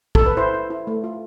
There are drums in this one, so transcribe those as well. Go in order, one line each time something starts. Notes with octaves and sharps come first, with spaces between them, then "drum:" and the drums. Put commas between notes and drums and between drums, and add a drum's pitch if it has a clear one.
A4, drum: kick
B4
E4 C5
E4
E4
A3
F4